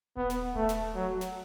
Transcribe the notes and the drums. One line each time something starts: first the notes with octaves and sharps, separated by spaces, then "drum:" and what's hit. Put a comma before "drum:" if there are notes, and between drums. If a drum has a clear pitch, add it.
B3, drum: kick D#1
drum: snare
A3, drum: kick D#1
drum: snare
F#3
drum: snare